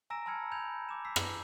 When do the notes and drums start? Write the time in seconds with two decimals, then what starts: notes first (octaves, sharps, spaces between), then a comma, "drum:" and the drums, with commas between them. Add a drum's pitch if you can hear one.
0.10 G#5 A#5 E6 A#6 D7 E7
0.26 A5 B5 E6 F6 G#6 C#7
0.52 G#5 B5 G6 G#6 F7
0.89 D6 E7
1.05 E6 B6 C7
1.16 drum: rim click